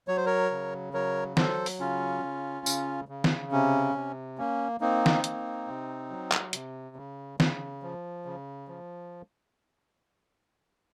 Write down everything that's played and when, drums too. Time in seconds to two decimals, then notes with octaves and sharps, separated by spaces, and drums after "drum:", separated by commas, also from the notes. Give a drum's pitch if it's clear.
0.08 F#3 C#5
0.17 C5
0.26 A#4 C#5
0.51 C#3
0.93 F#3 A#4 C#5
1.37 F#3 A4 C5, drum: snare
1.66 drum: open hi-hat
1.80 C#3 C#4 F4
2.23 C#3
2.66 C#3, drum: tambourine
3.08 C#3
3.24 drum: snare
3.52 C3 C#4
3.95 C3
4.38 A#3 C#4
4.81 A#3 C4 D#4
5.06 drum: snare
5.24 A#3, drum: hi-hat
5.68 C3
6.10 F#3
6.32 drum: clap
6.53 C3, drum: hi-hat
6.96 C#3
7.40 C#3, drum: snare
7.82 F3
8.26 C#3
8.68 F3